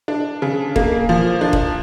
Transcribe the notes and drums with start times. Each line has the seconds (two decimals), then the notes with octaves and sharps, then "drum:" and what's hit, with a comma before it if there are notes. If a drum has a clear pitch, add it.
0.08 D4
0.42 C#3
0.76 A#3, drum: kick D#1
1.09 F3
1.41 D4
1.53 drum: kick D#1